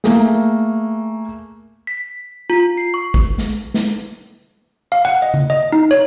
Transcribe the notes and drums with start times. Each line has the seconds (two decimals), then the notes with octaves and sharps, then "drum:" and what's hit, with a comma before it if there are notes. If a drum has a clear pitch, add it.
0.04 A3 A#3 G#4, drum: snare
1.87 B6
2.50 F4
2.77 C7
2.94 C#6
3.14 drum: kick
3.38 drum: snare
3.74 drum: snare
4.92 F5
5.05 F#5
5.22 D#5
5.34 drum: tom C#3
5.50 D#5
5.72 D#4
5.91 C#5